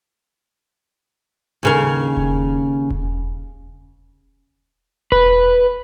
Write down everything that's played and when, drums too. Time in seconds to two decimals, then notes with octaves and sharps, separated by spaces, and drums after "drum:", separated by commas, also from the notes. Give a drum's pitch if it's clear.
1.63 D#2 C#3 A#4
2.17 drum: kick E1
2.90 drum: kick E1
5.12 B4, drum: kick E1